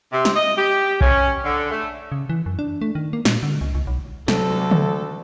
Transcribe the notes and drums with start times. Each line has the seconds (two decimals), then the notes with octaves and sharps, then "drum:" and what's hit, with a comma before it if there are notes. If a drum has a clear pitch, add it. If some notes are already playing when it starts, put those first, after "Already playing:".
0.12 C3
0.25 drum: snare
0.35 D#5
0.58 G4
1.01 C#4, drum: kick B1
1.45 D3
1.71 A3
2.12 C#3
2.29 E3
2.46 F#2
2.59 D4
2.81 A3
2.95 D#3
3.13 A#3
3.25 A#2, drum: snare
3.43 D3
3.61 C#2
3.75 C#2
3.87 B1
4.28 D2 C3 F#3 A4, drum: snare
4.71 drum: tom